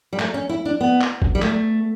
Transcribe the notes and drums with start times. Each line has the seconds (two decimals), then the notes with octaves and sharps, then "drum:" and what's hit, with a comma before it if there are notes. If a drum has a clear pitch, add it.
0.13 G3
0.19 A3, drum: clap
0.34 C#4
0.49 E4
0.65 D4
0.81 B3
1.01 drum: clap
1.22 drum: kick
1.35 G3
1.42 A3, drum: clap